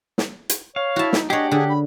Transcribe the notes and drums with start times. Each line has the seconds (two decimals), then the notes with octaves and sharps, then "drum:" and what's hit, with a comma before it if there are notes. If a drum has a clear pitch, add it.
0.18 drum: snare
0.50 drum: hi-hat
0.76 C#5 F5
0.96 E4 F#4 A5
1.13 D#4, drum: snare
1.30 D4 G4 G#4 C#5 D#5 F#5
1.51 D3 G#4
1.69 B5